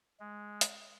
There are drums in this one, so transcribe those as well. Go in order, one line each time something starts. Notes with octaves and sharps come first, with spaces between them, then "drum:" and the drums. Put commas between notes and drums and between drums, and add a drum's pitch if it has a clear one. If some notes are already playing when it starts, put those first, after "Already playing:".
G#3
drum: hi-hat